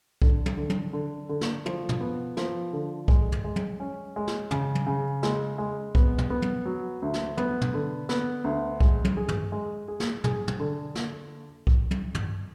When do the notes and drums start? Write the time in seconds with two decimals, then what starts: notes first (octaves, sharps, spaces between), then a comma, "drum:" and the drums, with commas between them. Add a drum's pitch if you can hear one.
0.22 D3, drum: kick B1
0.46 drum: tom
0.57 D3
0.70 drum: tom
0.93 D3
1.29 D3
1.41 drum: snare
1.66 F3, drum: tom
1.89 drum: tom
2.01 B3
2.37 F3, drum: snare
2.73 D3
3.08 G#3, drum: kick B1
3.32 drum: tom
3.44 G#3
3.56 drum: tom
3.80 C#4
4.16 G#3
4.27 drum: snare
4.51 C#3, drum: tom
4.75 drum: tom
4.86 C#3
5.23 G#3, drum: snare
5.58 G#3
5.95 B3, drum: kick B1
6.18 drum: tom
6.30 B3
6.42 drum: tom
6.65 F#3
7.02 D2
7.14 drum: snare
7.37 B3, drum: tom
7.61 drum: tom
7.74 D3
8.09 B3, drum: snare
8.44 D2
8.80 G#3, drum: kick B1
9.05 drum: tom
9.17 G#4
9.28 drum: tom
9.52 G#3
9.88 G#4
10.00 drum: snare
10.24 G#4, drum: tom
10.48 drum: tom
10.60 D3
10.95 drum: snare
11.67 drum: kick B1
11.91 drum: tom
12.15 drum: tom